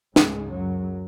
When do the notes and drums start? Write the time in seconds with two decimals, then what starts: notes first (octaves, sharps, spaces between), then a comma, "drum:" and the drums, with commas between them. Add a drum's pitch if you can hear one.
0.16 C#2 G#2 C#3 G#3, drum: snare
0.51 F#2 F#3